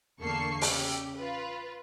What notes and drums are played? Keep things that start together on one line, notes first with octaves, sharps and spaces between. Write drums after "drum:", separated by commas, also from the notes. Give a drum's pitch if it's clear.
E2 D3 A#3 A4 C#6 C7
C#3 G4, drum: open hi-hat
F4 B4